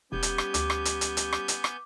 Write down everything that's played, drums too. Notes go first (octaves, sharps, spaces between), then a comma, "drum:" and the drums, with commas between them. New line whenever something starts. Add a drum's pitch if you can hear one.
E1 G3 B3 C#4 G4 G#5 G6
drum: hi-hat
drum: rim click
D2 D6, drum: hi-hat
drum: rim click
drum: hi-hat
drum: hi-hat
drum: hi-hat
drum: rim click
drum: hi-hat
drum: rim click